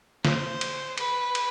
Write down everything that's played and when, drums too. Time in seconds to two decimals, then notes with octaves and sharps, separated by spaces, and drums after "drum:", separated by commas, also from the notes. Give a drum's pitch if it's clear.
0.25 C5, drum: snare
0.61 drum: cymbal
0.98 B4, drum: cymbal
1.35 drum: cymbal